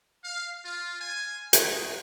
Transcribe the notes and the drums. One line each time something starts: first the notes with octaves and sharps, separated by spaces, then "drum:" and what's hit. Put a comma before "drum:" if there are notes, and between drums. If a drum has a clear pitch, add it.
F5
F4
G#5
G#3, drum: hi-hat